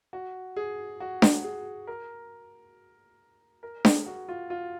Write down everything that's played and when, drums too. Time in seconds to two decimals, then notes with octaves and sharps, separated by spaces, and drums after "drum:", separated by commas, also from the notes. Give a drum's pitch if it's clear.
0.13 F#4
0.56 G#4
1.00 F#4
1.22 drum: snare D4
1.44 G#4
1.87 A#4
3.63 A#4
3.85 G#4, drum: snare D4
4.06 F#4
4.29 F4
4.50 F4